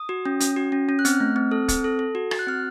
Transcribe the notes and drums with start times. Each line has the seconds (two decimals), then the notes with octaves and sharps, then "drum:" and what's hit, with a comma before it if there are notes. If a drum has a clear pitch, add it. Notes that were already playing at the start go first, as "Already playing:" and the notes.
Already playing: D#6
0.09 F#4
0.25 C#4
0.40 C#4, drum: hi-hat
0.56 F#4
0.72 C#4
0.89 C#4
0.99 F#6
1.05 C4 F6, drum: hi-hat
1.20 A3
1.36 C4
1.51 A4
1.69 C4, drum: kick, hi-hat
1.84 A4
1.99 A4
2.15 F#4
2.31 F#4 A6, drum: rim click
2.39 F#6
2.47 C4 F6